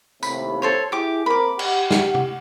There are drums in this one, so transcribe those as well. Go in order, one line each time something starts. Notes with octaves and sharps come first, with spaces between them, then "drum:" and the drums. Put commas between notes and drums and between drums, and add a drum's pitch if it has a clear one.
D#2 A2 C3 B5, drum: tambourine
A4 C5 C#5
E4 G4 G#4 G5 D6
F2 A#3 A#4 B5 D6
G4 F#5, drum: cymbal
drum: snare
drum: tom C3